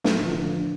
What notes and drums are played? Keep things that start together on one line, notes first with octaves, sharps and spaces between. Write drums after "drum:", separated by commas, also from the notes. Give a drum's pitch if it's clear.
A2 F3, drum: snare
E3
D3 F3
E3
D4